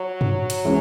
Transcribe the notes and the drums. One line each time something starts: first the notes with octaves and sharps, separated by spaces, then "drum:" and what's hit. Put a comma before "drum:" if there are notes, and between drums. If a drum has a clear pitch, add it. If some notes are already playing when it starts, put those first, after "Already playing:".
Already playing: F#3
drum: tom G2
drum: hi-hat
E3 G#3 C#4